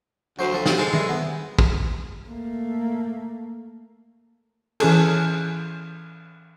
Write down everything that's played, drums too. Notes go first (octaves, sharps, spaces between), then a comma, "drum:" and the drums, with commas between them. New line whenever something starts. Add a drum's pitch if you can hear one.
D2 F#3 C5 D6
F3 A4
C3, drum: snare
G#3 A4 C5
G2 E4, drum: tom D#3
B3
drum: kick
A3 A#3
E3 C#4 G#4 A4, drum: cymbal